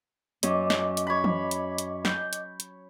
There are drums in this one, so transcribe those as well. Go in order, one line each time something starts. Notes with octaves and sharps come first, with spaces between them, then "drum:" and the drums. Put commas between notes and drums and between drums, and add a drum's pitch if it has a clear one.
F#2 C#4 D#5 D6, drum: hi-hat
drum: snare
drum: hi-hat
C#5 B5
drum: tom E3
drum: hi-hat
drum: hi-hat
G6, drum: snare
drum: hi-hat
drum: hi-hat